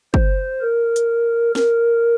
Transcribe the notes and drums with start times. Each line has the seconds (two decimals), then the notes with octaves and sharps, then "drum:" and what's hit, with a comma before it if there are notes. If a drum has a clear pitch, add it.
0.14 C5, drum: kick
0.61 A#4
0.96 drum: hi-hat
1.55 A#4, drum: snare